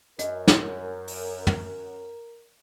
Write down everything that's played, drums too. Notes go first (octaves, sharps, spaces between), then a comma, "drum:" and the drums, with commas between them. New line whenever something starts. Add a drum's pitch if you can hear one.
F#2 A#4 D#5, drum: hi-hat
drum: snare
drum: open hi-hat
drum: tom